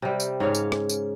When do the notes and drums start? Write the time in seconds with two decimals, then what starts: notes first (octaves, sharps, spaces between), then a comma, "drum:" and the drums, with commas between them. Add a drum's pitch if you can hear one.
0.02 C3 G3
0.20 drum: tambourine
0.40 G#2 C#3 C#5 F5
0.55 drum: tambourine
0.72 drum: rim click
0.89 drum: tambourine